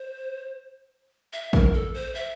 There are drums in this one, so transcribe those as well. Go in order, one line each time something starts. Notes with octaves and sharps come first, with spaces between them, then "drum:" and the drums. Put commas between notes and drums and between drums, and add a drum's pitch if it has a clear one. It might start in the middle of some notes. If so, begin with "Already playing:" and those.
Already playing: C5
E5
A#4, drum: kick A1
A4
C5
E5